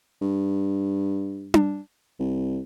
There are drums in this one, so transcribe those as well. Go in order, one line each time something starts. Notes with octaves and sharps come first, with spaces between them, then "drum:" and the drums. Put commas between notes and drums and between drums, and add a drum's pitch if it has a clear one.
G2
drum: tom D4
C2